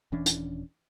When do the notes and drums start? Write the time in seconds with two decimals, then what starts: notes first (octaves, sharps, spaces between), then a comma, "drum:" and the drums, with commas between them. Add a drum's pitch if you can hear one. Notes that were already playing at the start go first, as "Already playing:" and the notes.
0.12 D#1 E3 C#4 D4
0.26 drum: hi-hat